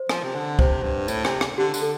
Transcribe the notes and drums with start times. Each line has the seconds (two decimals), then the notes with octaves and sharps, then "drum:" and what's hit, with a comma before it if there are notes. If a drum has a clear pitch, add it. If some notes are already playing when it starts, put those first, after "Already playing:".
Already playing: C5
0.09 F3, drum: rim click
0.23 C3
0.35 D3
0.59 C3 C5, drum: kick
0.83 G2
1.08 A2, drum: tambourine
1.25 C3, drum: rim click
1.41 drum: rim click
1.58 D3 G4
1.74 D3, drum: tambourine
1.82 A4